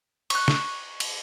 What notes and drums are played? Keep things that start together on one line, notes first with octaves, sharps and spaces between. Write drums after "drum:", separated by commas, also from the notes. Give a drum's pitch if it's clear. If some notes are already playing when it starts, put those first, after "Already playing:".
C#6 F#6, drum: cymbal
drum: snare
drum: cymbal